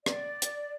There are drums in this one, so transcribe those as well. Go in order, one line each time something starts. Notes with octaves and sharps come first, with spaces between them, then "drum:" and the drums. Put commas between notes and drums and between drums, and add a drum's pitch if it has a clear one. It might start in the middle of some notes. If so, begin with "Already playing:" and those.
D5, drum: rim click
drum: hi-hat